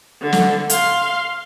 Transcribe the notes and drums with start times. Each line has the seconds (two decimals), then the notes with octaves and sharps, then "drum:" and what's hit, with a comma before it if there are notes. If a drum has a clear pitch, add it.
0.21 D3
0.33 drum: snare
0.70 F5 C6, drum: hi-hat